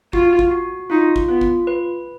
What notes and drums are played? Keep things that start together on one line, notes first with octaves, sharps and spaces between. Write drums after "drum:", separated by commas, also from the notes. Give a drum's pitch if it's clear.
F4 F#4, drum: kick
drum: kick
F#4
D#4 F4
drum: kick
B3 F4
drum: kick
B4